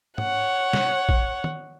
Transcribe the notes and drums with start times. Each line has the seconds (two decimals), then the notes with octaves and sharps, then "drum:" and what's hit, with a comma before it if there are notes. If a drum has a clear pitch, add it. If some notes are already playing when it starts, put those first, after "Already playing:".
0.18 C#5 F#5, drum: tom
0.73 drum: snare
1.09 drum: kick A1
1.44 drum: tom